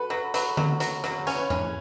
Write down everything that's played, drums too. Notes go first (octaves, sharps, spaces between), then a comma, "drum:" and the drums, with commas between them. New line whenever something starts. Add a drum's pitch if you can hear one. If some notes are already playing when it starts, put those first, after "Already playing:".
Already playing: F#4 A4 B4
F#3 B4
F#3 B4, drum: hi-hat
F#3, drum: tom D3
F#3, drum: hi-hat
F#3, drum: rim click
C#4 C#5, drum: hi-hat
B4
C#5
C#4, drum: tom G2